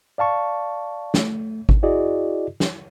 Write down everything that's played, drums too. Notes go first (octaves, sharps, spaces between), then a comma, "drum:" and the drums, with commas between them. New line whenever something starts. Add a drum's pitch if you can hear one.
D5 F5 A5 C#6
A3, drum: snare
drum: kick G#1
E4 F#4 G#4 D5 D#5
drum: snare